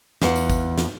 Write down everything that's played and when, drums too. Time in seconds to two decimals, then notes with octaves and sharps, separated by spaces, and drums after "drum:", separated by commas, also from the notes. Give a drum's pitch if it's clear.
0.22 E2 F5 F#5, drum: snare
0.36 drum: tambourine
0.50 drum: kick G#1, tambourine
0.78 drum: snare